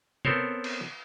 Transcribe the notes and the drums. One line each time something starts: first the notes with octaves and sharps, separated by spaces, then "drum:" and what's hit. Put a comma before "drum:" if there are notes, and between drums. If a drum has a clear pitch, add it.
B3 C4 A4 A#4 C5 C#5, drum: tom
drum: cymbal